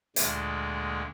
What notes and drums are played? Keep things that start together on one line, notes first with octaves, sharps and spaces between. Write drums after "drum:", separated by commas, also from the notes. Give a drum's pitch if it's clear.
D2 A#2 D3 G#3, drum: hi-hat